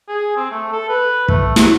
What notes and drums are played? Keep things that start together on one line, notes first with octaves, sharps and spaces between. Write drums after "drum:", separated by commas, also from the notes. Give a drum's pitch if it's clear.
G#4
C4
A3
A4
B4
A3, drum: kick
F#3, drum: snare